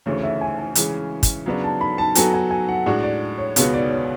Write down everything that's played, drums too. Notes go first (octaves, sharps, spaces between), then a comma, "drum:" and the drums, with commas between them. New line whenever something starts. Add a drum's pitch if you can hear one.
D2 C#3 E3 A3 C#5
E5
G#5
G#5
C#3 E3 G#3 C#4, drum: hi-hat
drum: kick, hi-hat
C#3 F#3 B3 D4
A5
B5
A5
F#3 B3 F#4 A4 G#5, drum: hi-hat
G#5
G#5
F#5
A2 G#3 D4 F#4
D5
C#5
C#2 B2 G#3 B3 F#4 C#5, drum: hi-hat
D5
C#5